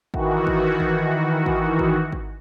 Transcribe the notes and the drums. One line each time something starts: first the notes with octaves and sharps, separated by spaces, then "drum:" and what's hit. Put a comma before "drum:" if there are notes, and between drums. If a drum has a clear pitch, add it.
D#3 E3 F#4, drum: kick G#1
drum: kick G#1
drum: kick G#1
drum: kick G#1
drum: kick G#1
drum: kick G#1